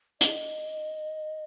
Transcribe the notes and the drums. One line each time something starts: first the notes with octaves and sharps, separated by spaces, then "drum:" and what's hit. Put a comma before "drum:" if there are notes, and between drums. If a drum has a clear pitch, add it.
D#5, drum: hi-hat